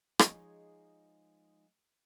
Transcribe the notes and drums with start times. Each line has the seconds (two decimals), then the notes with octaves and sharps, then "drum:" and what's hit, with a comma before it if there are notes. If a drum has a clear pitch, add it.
0.19 F3 G#3 D#4 G#4 C#5 D#5, drum: rim click